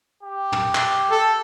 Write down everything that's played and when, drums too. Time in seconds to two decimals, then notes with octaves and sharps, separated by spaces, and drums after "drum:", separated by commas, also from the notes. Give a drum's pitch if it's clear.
0.23 G4
0.52 drum: tom
0.75 drum: clap
1.11 A4